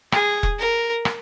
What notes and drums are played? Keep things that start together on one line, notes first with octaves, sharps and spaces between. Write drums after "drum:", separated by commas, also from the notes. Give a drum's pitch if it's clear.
G#4, drum: rim click
drum: kick E1
A#4
drum: rim click